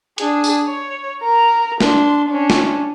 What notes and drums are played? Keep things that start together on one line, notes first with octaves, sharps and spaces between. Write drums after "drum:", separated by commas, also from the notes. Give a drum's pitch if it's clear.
D4 G#4, drum: hi-hat
drum: tambourine
C#5
A#4 A#5
D4 C6, drum: snare
C#4 D4
drum: snare